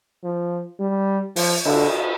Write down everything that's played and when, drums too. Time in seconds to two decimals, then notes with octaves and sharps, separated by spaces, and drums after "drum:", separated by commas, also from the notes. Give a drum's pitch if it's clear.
0.24 F3
0.80 G3
1.36 F3, drum: open hi-hat
1.65 D3, drum: cymbal